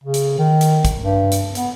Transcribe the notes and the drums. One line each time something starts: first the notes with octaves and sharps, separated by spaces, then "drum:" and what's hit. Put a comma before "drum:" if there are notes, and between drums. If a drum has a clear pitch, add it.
C#3
drum: hi-hat
D#3
drum: hi-hat
drum: kick, hi-hat
G2
drum: hi-hat
B3, drum: hi-hat